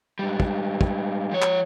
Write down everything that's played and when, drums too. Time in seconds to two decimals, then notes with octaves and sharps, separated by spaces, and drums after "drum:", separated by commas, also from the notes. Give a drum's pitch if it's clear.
0.19 G#2 G3
0.40 drum: kick
0.81 drum: kick
1.32 F3 C#5
1.42 drum: clap